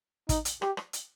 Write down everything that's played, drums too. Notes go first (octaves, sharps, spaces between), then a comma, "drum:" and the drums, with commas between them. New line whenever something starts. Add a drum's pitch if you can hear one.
D#4, drum: kick, hi-hat
drum: hi-hat
G4, drum: rim click
drum: rim click
drum: hi-hat